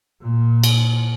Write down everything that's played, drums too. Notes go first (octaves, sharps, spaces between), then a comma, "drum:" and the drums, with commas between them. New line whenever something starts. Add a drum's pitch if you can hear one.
A#2
drum: cymbal